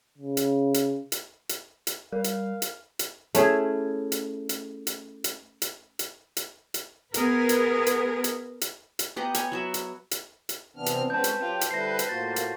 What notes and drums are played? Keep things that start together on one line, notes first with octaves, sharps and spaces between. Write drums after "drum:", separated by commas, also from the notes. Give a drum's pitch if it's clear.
C#3
drum: hi-hat
drum: hi-hat
drum: hi-hat
drum: hi-hat
drum: hi-hat
G3 A#4 F5
drum: hi-hat
drum: hi-hat
drum: hi-hat
A3 C#4 E4 G#4, drum: hi-hat
drum: hi-hat
drum: hi-hat
drum: hi-hat
drum: hi-hat
drum: hi-hat
drum: hi-hat
drum: hi-hat
drum: hi-hat
B3 G#4 A#4 B4, drum: hi-hat
drum: hi-hat
drum: hi-hat
drum: hi-hat
drum: hi-hat
drum: hi-hat
B3 G4 D#5 A#5
C#5 G#5, drum: hi-hat
F#3 F#4 E5
drum: hi-hat
drum: hi-hat
drum: hi-hat
C3 E3 B3 C4 D4 F6
drum: hi-hat
G#3 C4 C#4 B4 A5 G6
drum: hi-hat
F#3 F4 G4 G5
drum: hi-hat
D3 G3 E4 B4 C5 A#6 C7
drum: hi-hat
A2 A#3 F4 F#4 A6
drum: hi-hat